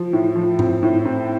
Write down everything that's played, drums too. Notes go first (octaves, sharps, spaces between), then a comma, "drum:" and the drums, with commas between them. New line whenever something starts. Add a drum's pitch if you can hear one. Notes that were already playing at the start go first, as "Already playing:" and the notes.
Already playing: F3
A2
F3
C4, drum: tom G#2
A2
C4